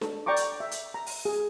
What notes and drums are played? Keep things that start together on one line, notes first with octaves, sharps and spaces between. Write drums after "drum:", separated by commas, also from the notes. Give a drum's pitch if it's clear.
A4, drum: snare D4
D5 G5 A#5 C#6 D6
drum: hi-hat
E5
drum: hi-hat
A#5
drum: open hi-hat
G#4